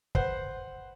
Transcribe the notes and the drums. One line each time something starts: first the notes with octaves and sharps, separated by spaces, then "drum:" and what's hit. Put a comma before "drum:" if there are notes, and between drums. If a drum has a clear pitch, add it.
B4 C5 F#5, drum: kick